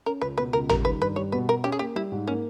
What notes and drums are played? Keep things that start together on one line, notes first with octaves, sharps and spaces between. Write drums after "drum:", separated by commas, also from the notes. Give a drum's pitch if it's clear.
C#4 A#4
C#2 B4
B2 B4
C#2 A#4
G3 A#4, drum: tom
D#3 B4
G2 B4
G3 C#5
B2 B4
B2 A#4
C#4 G4
G#4
A#3 G4
G3 E4
G#2
A#3 C#4